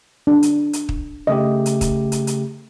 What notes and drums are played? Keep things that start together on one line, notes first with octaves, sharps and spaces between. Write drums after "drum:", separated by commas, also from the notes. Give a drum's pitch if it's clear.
D4
drum: hi-hat
drum: hi-hat
drum: kick
C#3 A3 G4 D#5
drum: hi-hat
drum: kick, hi-hat
drum: hi-hat
drum: hi-hat